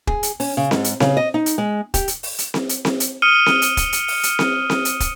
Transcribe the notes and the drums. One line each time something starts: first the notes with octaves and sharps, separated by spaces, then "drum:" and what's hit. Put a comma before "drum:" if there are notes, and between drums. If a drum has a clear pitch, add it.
G#4, drum: kick
drum: hi-hat
C#4, drum: open hi-hat
C#3
G#2, drum: snare C4
drum: hi-hat
C#3, drum: snare C4
D#5
D#4
drum: hi-hat
G#3
G4, drum: kick, hi-hat
drum: hi-hat
drum: open hi-hat
drum: hi-hat
drum: snare C4
drum: hi-hat
drum: snare C4
drum: hi-hat
D#6 F6 C#7 D#7 G7
drum: snare C4
drum: hi-hat
drum: kick, hi-hat
drum: hi-hat
drum: open hi-hat
drum: hi-hat
drum: snare C4
drum: snare C4
drum: hi-hat
drum: kick, hi-hat